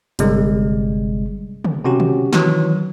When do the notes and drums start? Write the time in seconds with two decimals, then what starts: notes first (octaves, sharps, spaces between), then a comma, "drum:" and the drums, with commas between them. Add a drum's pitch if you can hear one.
0.19 G1 C3 G3 G#3, drum: hi-hat
1.65 drum: tom
1.84 C3 C#4 F#4 G4
2.00 drum: tom
2.33 D#3 E3 F#3, drum: snare